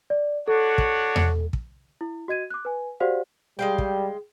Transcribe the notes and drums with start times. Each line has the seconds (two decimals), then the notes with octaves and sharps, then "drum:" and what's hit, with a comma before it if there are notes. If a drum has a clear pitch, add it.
0.10 D5
0.48 D4 F#4 A4 C#5
0.78 drum: kick
1.16 drum: tom E2
1.53 drum: kick
2.01 E4
2.28 F#4 D#5 G#6 D#7
2.50 D6 F#6
2.65 B4 G#5
3.00 F#4 G4 C5 D5 F5 F#5
3.59 G3 G#3 F5 G5
3.78 drum: kick